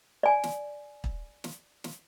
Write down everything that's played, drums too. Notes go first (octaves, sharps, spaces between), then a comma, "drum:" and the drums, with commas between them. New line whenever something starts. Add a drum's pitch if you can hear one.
D5 G#5
drum: snare
drum: kick
drum: snare
drum: snare